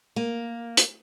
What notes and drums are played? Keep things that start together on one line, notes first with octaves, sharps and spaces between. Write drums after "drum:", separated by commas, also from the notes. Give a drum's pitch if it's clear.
A#3
drum: hi-hat